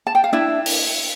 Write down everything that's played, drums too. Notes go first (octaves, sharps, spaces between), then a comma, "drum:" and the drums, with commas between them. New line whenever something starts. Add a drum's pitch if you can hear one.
A5
G5
F5
D4 E4 E5
drum: open hi-hat